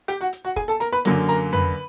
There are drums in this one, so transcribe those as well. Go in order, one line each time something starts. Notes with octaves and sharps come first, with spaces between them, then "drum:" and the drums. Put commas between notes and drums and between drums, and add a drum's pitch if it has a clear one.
G4 G5, drum: hi-hat
F#4 F#5
drum: hi-hat
F#4 F#5
G#4 G#5, drum: kick
A4 A5
A#4 A#5, drum: hi-hat
B4 B5
F#2 D3 F#3 A#3, drum: snare
A#4 A#5, drum: hi-hat
B4 B5, drum: tom F2